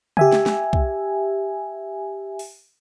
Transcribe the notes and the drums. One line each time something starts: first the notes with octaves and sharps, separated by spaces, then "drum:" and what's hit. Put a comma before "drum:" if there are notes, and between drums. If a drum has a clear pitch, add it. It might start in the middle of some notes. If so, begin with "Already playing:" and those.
G4 E5 G#5, drum: tom C#3
drum: snare
drum: snare
drum: kick
drum: open hi-hat